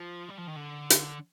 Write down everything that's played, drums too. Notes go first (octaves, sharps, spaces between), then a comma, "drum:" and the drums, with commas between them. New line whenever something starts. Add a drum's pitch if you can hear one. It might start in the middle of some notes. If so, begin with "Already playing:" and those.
Already playing: F3
G3
F3
D#3
D3
drum: hi-hat